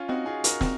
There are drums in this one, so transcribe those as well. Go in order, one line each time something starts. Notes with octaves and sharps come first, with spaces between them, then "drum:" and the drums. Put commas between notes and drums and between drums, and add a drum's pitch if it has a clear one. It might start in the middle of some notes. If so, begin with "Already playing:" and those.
Already playing: C#4 F4
C4 D#4 F#4
F4 G#4
F#4 A#4, drum: hi-hat
C4, drum: snare